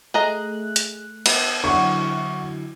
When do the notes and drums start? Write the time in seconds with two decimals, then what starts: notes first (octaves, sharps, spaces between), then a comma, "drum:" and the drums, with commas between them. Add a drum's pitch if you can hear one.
0.14 A3 G#4 D#5 A#5 F#6
0.76 drum: hi-hat
1.26 B3, drum: cymbal
1.64 D3 F#3 E4 F#5 C#6